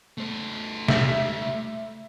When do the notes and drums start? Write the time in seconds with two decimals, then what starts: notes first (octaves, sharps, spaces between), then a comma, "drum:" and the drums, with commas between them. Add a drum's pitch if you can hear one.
0.18 A3 C5
0.88 E5, drum: snare